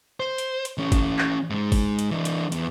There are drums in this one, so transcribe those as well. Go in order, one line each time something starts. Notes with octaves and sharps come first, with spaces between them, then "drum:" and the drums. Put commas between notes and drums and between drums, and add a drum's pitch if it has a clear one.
C5
drum: hi-hat
drum: hi-hat
E3 C#4
drum: kick G1, hi-hat
drum: clap
G#2 G#3
drum: kick G1, open hi-hat
drum: hi-hat
E3 D4
drum: hi-hat
E2, drum: hi-hat